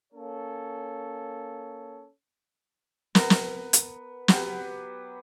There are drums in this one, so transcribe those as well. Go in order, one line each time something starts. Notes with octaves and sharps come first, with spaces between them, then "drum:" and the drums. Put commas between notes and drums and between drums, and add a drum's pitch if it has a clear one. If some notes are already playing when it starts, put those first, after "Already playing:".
A#3 C#4 A4 C#5
B3 A#4, drum: snare
drum: snare
drum: hi-hat
F#3 B3 G4, drum: snare